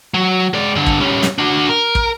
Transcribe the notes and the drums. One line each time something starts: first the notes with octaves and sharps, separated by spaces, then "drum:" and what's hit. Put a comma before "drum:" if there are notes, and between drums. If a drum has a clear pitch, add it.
F#3
G#3 D5
G2 D3
drum: kick
G3 C#4
drum: snare
D4 F#4
A#4
drum: kick